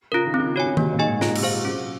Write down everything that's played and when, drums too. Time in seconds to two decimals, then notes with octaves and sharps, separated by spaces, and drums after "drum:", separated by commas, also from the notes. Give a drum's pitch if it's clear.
0.12 C#3 F4 A#4
0.26 D#3
0.34 C4
0.39 C#3
0.56 F#4 C#5 G#5
0.66 C#3
0.77 C3 A#3, drum: tom D#3
0.93 A#2
0.99 D#4 G#4 D#5 G#5
1.07 G#2
1.21 A#2 F4, drum: snare
1.35 C3, drum: cymbal
1.43 G#4 C5 F5
1.65 F#3 C#4